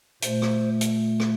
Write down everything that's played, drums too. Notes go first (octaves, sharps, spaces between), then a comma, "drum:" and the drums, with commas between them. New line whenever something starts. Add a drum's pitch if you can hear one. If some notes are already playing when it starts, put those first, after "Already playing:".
A#2 A3 C5, drum: hi-hat
drum: rim click
drum: hi-hat
drum: rim click